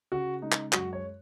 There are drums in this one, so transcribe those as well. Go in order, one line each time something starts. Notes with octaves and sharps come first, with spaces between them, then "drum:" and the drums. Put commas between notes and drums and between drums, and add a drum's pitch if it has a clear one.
C#3 F#4
G#3 D#4
drum: clap
F#2 F#4, drum: clap
C#5